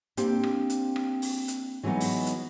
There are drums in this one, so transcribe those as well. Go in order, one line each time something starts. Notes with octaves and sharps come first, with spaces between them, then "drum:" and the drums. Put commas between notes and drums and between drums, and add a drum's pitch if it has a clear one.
A#3 C4 D4 G4, drum: hi-hat
drum: rim click
drum: hi-hat
drum: rim click
drum: open hi-hat
drum: hi-hat
E3 F#3 G#3 B3 D#4
drum: open hi-hat
drum: hi-hat